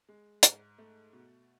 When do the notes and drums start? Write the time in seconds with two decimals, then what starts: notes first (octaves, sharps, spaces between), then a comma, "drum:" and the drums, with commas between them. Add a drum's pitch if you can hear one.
0.09 G#3
0.43 G#2, drum: hi-hat
0.78 A3
1.13 B2